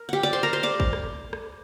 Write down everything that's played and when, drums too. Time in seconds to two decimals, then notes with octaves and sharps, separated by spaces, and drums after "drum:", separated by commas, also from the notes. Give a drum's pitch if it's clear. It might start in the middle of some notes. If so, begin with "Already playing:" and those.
Already playing: A#4
0.09 G4 F#5 G5
0.23 D5 D6
0.33 C5 C6
0.43 A#4 A#5
0.53 C5 C6
0.63 D5 D6
0.80 drum: kick
0.93 drum: rim click
1.33 drum: rim click